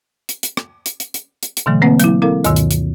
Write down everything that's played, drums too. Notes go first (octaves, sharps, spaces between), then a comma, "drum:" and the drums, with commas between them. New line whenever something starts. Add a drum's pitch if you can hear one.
drum: hi-hat
drum: hi-hat
drum: rim click
drum: hi-hat
drum: hi-hat
drum: hi-hat
drum: hi-hat
drum: hi-hat
B2 D3 E3 F#3 A3
D3 A#3 C4 B4 F#5
F#3 E4, drum: hi-hat
C4 E4 A4 A#4 F5
D2 G2 B2 D#3, drum: hi-hat
drum: hi-hat
drum: hi-hat